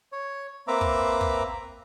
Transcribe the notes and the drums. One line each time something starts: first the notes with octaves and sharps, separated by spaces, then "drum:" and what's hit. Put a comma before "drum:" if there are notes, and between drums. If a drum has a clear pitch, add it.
C#5
A#3 C4 B4 E5 A#5 D6
drum: kick
drum: kick